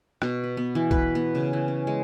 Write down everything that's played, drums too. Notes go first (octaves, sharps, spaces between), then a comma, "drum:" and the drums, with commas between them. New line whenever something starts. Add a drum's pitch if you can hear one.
B2, drum: rim click
B4
B3
E3
B4, drum: kick B1
B3
C#3
E3
C#4
G#3